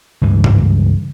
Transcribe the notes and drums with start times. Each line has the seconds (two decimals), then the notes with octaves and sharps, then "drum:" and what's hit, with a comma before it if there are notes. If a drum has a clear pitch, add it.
0.21 C#2 G2 E3
0.44 drum: tom G#2